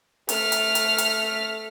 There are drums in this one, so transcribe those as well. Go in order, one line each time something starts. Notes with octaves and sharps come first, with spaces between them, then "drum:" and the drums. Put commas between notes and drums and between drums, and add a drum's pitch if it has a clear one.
A3 F6, drum: hi-hat
drum: hi-hat
drum: hi-hat
drum: hi-hat